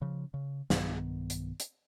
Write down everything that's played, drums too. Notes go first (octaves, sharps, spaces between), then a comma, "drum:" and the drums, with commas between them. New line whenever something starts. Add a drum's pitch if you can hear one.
C#3 F3
C#3
B1 G2 D#3 B3, drum: snare
drum: hi-hat
drum: hi-hat